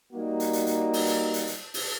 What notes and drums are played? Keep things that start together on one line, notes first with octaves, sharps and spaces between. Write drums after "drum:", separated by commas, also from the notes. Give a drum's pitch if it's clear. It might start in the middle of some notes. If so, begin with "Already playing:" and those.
G3 A#3 D#4 F#4
drum: hi-hat
drum: hi-hat
drum: hi-hat
drum: open hi-hat
drum: hi-hat
drum: hi-hat
drum: hi-hat
drum: open hi-hat